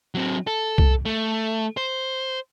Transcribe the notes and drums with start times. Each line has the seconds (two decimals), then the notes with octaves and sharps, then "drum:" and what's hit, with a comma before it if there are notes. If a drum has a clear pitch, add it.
0.15 F#3 C4
0.47 A4
0.78 drum: kick C2
1.06 A3
1.77 C5